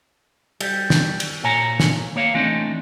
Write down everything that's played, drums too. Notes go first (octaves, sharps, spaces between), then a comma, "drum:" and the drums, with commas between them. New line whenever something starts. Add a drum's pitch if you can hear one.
G3, drum: cymbal
drum: snare
drum: cymbal
A#2 A#4 C#5 G#5 A#5
drum: snare
A#3 C#5 F5
E3 A3 C4 D4 D#4